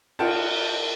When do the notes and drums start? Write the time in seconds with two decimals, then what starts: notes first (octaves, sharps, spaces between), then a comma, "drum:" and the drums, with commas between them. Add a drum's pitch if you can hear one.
0.19 F4 F#5 G5 A5, drum: cymbal